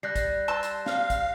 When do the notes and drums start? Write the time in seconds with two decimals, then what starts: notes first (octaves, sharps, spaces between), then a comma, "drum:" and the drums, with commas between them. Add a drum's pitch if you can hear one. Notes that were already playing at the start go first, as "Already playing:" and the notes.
0.03 G3 F#6 A#6 C7
0.16 drum: kick, hi-hat
0.48 A5 C6 E6
0.63 drum: hi-hat
0.86 F5, drum: snare
1.10 drum: kick, hi-hat